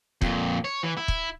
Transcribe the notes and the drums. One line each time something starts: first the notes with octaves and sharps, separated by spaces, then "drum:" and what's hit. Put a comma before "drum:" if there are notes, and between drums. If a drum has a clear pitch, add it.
F2 A#2, drum: kick
C#5
E3
E4
drum: kick